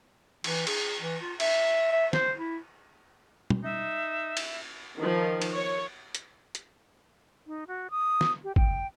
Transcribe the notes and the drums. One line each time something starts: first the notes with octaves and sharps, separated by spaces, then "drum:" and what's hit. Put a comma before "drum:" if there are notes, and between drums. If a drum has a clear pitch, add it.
E3, drum: cymbal
G#4, drum: cymbal
E3
F4
E5, drum: cymbal
E5
C5, drum: snare
E4
drum: tom
D#4 E5
drum: cymbal
D#3 F3
drum: cymbal
C#5
drum: hi-hat
drum: hi-hat
D#4
F#4
D#6
drum: snare
G4
G5, drum: kick